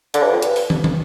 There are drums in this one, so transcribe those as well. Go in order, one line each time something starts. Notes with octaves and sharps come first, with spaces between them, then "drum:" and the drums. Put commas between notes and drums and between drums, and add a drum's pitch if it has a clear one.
D3, drum: hi-hat
G2
F2
G2, drum: hi-hat
drum: open hi-hat
drum: tom
drum: tom